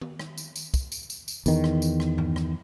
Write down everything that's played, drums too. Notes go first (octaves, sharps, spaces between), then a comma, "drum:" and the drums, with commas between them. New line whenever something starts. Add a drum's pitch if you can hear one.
drum: tom
drum: rim click
drum: tambourine
drum: tambourine
drum: kick, tambourine
drum: tambourine
drum: tambourine
drum: tambourine
E2 D#3, drum: tambourine
drum: rim click
drum: tambourine
drum: rim click
drum: tom G2
drum: rim click